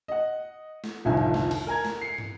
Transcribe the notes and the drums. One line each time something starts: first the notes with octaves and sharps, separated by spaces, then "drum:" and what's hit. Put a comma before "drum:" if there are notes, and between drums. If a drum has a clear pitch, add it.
D#5 F#5
drum: snare
G1 C2 F2 D#3 G#5
drum: tom G#2
drum: snare
drum: cymbal
A#4 G#5 A#5 G#6
drum: snare
C7 C#7
drum: tom